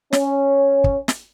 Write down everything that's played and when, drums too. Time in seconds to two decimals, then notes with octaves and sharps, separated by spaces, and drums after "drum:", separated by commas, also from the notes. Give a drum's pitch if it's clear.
0.13 C#4, drum: snare
0.84 drum: kick
1.08 drum: snare